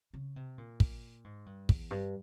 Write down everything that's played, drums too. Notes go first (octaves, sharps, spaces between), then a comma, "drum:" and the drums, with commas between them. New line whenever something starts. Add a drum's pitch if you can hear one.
C#3
C3
A#2
drum: kick
G#2
G2
E2, drum: kick
G2